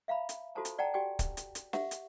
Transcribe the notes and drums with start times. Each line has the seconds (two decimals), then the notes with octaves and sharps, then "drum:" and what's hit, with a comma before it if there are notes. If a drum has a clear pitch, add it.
0.08 E5 F5 A#5 B5
0.29 drum: hi-hat
0.55 F4 F#4 A4 C5 A5 A#5
0.65 drum: hi-hat
0.79 D5 F#5 G5 A5 A#5
0.94 F#4 G4 D5 G5 G#5
1.19 drum: kick, hi-hat
1.37 drum: hi-hat
1.55 drum: hi-hat
1.73 G4 E5 F#5, drum: snare
1.91 drum: hi-hat